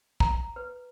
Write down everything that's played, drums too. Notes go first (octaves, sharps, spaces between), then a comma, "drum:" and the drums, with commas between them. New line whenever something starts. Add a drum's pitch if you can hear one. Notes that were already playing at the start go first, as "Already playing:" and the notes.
A#5, drum: kick
B4